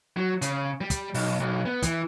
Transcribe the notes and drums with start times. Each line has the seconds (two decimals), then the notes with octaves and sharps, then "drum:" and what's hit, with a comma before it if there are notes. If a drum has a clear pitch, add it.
0.17 F#3
0.42 C#3, drum: hi-hat
0.81 G3
0.90 drum: kick, hi-hat
1.14 B1, drum: open hi-hat
1.40 B1
1.66 B3
1.82 E3, drum: kick, hi-hat